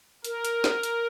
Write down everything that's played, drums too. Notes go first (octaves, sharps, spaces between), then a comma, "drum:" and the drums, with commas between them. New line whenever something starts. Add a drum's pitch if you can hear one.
A#4, drum: hi-hat
drum: hi-hat
drum: snare
drum: hi-hat